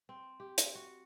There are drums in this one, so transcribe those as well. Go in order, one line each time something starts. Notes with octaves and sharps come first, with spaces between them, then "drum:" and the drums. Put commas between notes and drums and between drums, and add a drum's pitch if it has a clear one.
C4
G4
drum: hi-hat
F#4